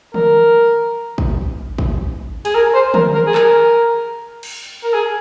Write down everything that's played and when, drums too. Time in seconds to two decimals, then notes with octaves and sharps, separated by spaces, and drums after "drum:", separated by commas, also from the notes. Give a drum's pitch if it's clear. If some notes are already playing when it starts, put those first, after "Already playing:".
0.14 A#4, drum: tom D3
1.18 drum: kick
1.78 drum: kick
2.45 G#4, drum: cymbal
2.55 A#4
2.74 C5
2.94 A#4, drum: tom
3.14 A#4
3.26 G#4
3.35 A#4, drum: clap
4.43 drum: cymbal
4.84 A#4
4.94 G#4